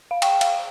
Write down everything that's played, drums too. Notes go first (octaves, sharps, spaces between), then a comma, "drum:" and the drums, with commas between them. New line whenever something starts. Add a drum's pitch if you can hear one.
F5
G5, drum: cymbal
F5, drum: cymbal